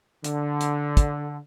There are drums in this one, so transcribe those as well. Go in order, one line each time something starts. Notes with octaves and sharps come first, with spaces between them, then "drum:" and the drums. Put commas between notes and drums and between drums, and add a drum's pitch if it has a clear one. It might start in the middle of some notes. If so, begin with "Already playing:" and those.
D3, drum: hi-hat
drum: hi-hat
drum: kick, hi-hat